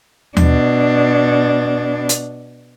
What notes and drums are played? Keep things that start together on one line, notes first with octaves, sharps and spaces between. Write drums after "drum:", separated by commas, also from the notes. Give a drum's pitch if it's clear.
B2 D4, drum: tom D#2
drum: hi-hat